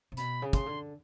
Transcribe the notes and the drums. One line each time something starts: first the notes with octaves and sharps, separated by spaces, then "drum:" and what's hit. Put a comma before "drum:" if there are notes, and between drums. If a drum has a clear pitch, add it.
C3
B2 B5, drum: hi-hat
C#3
C6, drum: kick, hi-hat
D3